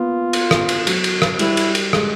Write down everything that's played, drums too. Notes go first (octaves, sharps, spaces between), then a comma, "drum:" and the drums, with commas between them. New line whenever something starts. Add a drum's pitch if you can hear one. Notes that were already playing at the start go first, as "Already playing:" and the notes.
Already playing: A#3 B3 F4
drum: cymbal
drum: rim click
drum: cymbal
F#3, drum: cymbal
drum: cymbal
drum: rim click
G3 E4, drum: cymbal
drum: cymbal
drum: cymbal
G#3, drum: rim click